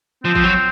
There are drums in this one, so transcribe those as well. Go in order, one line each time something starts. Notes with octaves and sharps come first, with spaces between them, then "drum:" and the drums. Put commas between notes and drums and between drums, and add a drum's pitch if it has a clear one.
F3 C4
F3, drum: kick
F#3